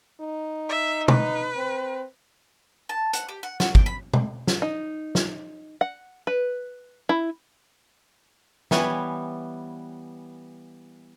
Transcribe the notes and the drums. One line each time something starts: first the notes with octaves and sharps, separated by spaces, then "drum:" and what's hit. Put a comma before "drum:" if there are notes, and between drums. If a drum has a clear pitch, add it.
D#4
E5
B4, drum: tom
C4
A5
F#5, drum: hi-hat
G4
F#5
F#4, drum: snare
G5, drum: kick
B5
drum: tom
drum: snare
D#4
drum: snare
F#5
B4
E4
E3 G3 B3 C#5 G#5, drum: snare